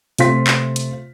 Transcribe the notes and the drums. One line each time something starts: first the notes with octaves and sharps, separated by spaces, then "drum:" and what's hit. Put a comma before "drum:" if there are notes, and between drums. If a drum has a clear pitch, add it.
C3 A3 C4 F4 C6 B6, drum: hi-hat
drum: clap
drum: hi-hat